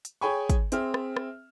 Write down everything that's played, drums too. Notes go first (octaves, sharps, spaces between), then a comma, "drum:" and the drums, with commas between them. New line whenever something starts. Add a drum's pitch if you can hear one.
drum: hi-hat
G#4 C#5 G5 G#5 B5 C#6
drum: kick, hi-hat
C4 G#4 E5 F6, drum: hi-hat
drum: rim click
drum: rim click